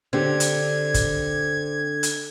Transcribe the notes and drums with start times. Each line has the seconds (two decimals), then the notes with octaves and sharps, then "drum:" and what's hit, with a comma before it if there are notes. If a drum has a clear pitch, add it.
0.13 D3 C4 D4 G4 G#6
0.40 drum: hi-hat
0.94 drum: kick, hi-hat
2.03 drum: hi-hat